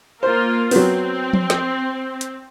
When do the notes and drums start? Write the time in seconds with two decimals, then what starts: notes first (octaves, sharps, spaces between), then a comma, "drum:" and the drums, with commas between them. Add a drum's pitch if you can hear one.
0.23 A#3 F4 A#4 C5
0.71 F#3 B3 C4, drum: open hi-hat
1.33 drum: tom F3
1.50 drum: snare
2.21 drum: hi-hat